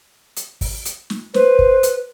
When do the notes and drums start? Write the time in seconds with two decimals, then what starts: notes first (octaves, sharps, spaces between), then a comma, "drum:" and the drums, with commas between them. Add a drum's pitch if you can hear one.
0.37 drum: hi-hat
0.61 drum: kick, open hi-hat
0.85 drum: hi-hat
1.10 drum: snare
1.34 B4 C5, drum: snare
1.59 drum: kick
1.83 drum: hi-hat